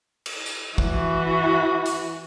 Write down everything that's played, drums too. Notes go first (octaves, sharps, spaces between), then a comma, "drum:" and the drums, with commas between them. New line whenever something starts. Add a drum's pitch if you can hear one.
drum: cymbal
drum: tambourine
E3 F#4, drum: kick
drum: hi-hat